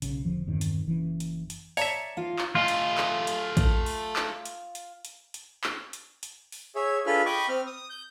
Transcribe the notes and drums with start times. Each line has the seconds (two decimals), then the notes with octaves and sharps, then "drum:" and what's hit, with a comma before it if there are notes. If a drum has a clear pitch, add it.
0.02 B1 C#3, drum: hi-hat
0.25 F1 F2 D3 F3
0.47 E2 G2 C3 D#3
0.61 drum: hi-hat
0.85 F#1 E3 C#4
1.20 drum: hi-hat
1.50 drum: hi-hat
1.77 C#5 D5 E5 A5 A#5, drum: open hi-hat
2.17 F4 F5
2.39 drum: clap
2.55 A3 F4 D#5
2.68 drum: hi-hat
2.98 drum: clap
3.27 drum: hi-hat
3.57 drum: kick, hi-hat
3.86 drum: open hi-hat
4.16 drum: clap
4.45 drum: hi-hat
4.75 drum: hi-hat
5.05 drum: hi-hat
5.34 drum: hi-hat
5.64 drum: clap
5.93 drum: hi-hat
6.23 drum: hi-hat
6.52 drum: open hi-hat
6.75 G#4 C#5 E5
7.06 D4 F4 G#4 A4 B4 F6
7.26 D#5 G5 B5 C#6 D6
7.49 C4 F6
7.67 D#6
7.90 G6